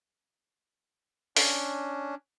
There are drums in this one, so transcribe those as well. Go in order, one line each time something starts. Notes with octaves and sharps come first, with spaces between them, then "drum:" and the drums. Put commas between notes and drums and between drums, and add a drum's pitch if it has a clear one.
C#4 D4, drum: open hi-hat